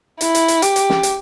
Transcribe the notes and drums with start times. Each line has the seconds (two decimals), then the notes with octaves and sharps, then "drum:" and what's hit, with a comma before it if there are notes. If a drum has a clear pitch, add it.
0.21 E4, drum: hi-hat
0.35 drum: hi-hat
0.48 drum: hi-hat
0.62 G4, drum: hi-hat
0.76 drum: hi-hat
0.90 drum: snare
1.03 drum: hi-hat